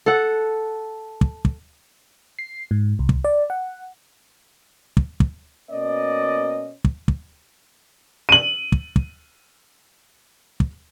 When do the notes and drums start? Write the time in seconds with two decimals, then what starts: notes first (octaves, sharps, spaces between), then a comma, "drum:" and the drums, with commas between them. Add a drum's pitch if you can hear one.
0.06 A4 F#5
1.21 drum: kick
1.45 drum: kick
2.39 C7
2.71 G#2
2.99 C2
3.09 drum: kick
3.24 D5
3.50 F#5
4.97 drum: kick
5.20 drum: kick
5.70 B2 A#3 C#4 D5 D#5
6.84 drum: kick
7.08 drum: kick
8.29 D#7 F#7
8.72 drum: kick
8.96 drum: kick
10.60 drum: kick